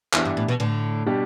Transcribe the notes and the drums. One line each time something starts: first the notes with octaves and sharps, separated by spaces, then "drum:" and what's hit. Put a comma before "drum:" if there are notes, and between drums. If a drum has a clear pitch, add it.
E2 E3 B3 D4 G4, drum: clap
G2
A2
B2
A2 D3
B2 G3 D4 G4